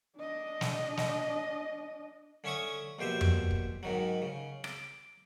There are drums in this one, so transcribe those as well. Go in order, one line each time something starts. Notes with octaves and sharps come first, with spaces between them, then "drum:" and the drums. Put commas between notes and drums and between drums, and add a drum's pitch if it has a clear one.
D4 D#5
drum: snare
drum: snare
D3 C#4 E5 C#6 D#6
A#1 B2 G4 C5 E5
drum: tom F2
drum: kick
G#2 D#3 F#3
C#3
D6, drum: rim click